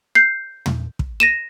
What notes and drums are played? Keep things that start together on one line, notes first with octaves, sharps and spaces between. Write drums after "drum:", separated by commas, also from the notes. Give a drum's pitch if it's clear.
G6 C7
drum: tom
drum: kick
A#6 D#7 E7